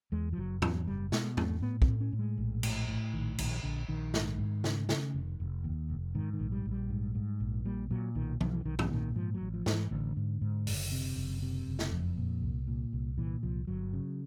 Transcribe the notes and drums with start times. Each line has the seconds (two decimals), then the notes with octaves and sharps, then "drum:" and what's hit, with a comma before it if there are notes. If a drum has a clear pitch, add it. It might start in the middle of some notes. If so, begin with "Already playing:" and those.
0.12 E2 G#3
0.33 F3
0.37 F#1 F#3
0.62 E2 F#3, drum: tom
0.87 F#1 G3
1.12 B2 G#3, drum: snare
1.37 E2 A3, drum: tom
1.62 A2 B3
1.82 C4, drum: kick
1.88 A2
2.01 C#4
2.13 A2
2.19 G#3
2.38 A#1
2.63 A2, drum: cymbal
2.88 A2
3.14 A#1 D#3
3.38 A#1 D#3, drum: cymbal
3.63 A#1 D3
3.88 A#1 D#3
4.14 G#2, drum: snare
4.38 G#2
4.64 C#3, drum: snare
4.89 C#3, drum: snare
5.14 F1
5.40 F1
5.64 D#2
5.90 F1
6.15 G#2 D#3
6.33 D#3
6.39 A#1
6.52 G3
6.65 A#1
6.71 G3
6.90 G#2
7.15 G#2
7.40 A#1
7.65 A#2 G3
7.91 A#2 F#3
8.15 B1 D#3
8.41 B1 D#3, drum: tom F3
8.53 E3
8.65 B1 D#3
8.79 E3, drum: tom
8.91 A#2 D#3
9.16 G#2 F3
9.34 F#3
9.41 A1
9.54 F3
9.66 G#2, drum: snare
9.73 E3
9.91 A1 D3
10.17 G#2
10.41 G#2
10.67 F#1, drum: open hi-hat
10.92 C3
11.16 F#1
11.42 C3
11.67 F#1
11.79 drum: snare
11.92 F2
12.17 A#2
12.42 C2
12.68 A#2
12.93 C2
13.18 A#2 E3
13.43 C2 F3
13.67 G1 F#3
13.93 C#3